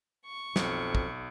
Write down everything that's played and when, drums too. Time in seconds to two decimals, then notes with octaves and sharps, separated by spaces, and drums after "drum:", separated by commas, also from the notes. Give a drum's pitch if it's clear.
0.24 C#6
0.56 B1 F2, drum: snare
0.95 drum: kick